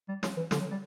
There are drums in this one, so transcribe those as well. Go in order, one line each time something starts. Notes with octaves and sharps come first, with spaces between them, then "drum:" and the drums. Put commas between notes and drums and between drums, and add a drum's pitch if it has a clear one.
G3
F#3, drum: snare
E3
D3, drum: snare
F#3
G3